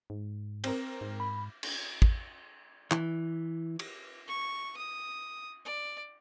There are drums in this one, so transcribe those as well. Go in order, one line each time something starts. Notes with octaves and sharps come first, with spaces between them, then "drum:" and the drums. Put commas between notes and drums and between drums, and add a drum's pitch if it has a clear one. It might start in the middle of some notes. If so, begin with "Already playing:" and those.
G#2
C4 A#4, drum: cymbal
G#2
B5
drum: cymbal
drum: kick
E3, drum: clap
drum: cymbal
C#6
D#6
D5